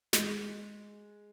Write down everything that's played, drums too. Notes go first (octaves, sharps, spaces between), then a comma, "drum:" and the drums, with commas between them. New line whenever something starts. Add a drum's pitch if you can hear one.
G#3, drum: snare